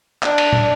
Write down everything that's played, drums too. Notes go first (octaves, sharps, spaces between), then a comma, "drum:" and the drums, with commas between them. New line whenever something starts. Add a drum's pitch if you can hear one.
D4, drum: clap
drum: cymbal
drum: tom